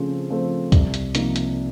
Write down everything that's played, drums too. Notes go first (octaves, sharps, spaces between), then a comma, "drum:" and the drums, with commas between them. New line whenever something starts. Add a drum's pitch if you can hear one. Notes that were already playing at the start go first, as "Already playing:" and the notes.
Already playing: C#3 F3 A3 C4
F3 A3 C4
C2, drum: kick C#2, hi-hat
drum: hi-hat
C3 F3 A#3 D#4, drum: hi-hat
drum: hi-hat